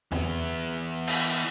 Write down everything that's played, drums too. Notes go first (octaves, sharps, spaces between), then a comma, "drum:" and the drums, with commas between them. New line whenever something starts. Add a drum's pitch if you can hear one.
E3 B3, drum: tom E2
drum: cymbal